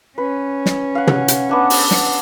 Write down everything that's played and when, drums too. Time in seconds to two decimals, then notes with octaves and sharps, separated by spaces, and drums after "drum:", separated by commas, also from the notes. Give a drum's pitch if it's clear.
0.18 C#4 B4
0.66 drum: snare
0.95 F5 F#5
1.07 drum: tom
1.28 drum: hi-hat
1.49 B3 D4 F#5
1.70 drum: open hi-hat
1.91 drum: snare